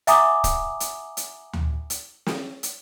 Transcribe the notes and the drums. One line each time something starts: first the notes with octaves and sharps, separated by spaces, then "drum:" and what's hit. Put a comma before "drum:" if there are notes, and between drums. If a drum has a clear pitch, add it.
E5 F#5 G#5 A#5 D6 D#6, drum: hi-hat
drum: kick, hi-hat
drum: hi-hat
drum: hi-hat
drum: tom D2
drum: hi-hat
drum: snare
drum: hi-hat